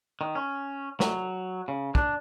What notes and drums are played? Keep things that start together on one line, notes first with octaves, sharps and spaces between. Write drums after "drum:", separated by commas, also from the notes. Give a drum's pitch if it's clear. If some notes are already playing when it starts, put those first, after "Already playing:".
D#3
C#4
F#3, drum: snare
C#3
D4, drum: kick